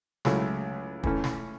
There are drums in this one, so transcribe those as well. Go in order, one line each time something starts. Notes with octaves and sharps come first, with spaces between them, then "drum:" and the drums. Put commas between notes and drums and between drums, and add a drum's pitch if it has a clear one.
C#2 C#3 F#3 A3 E4, drum: snare
E3 A3 C#4, drum: kick
drum: snare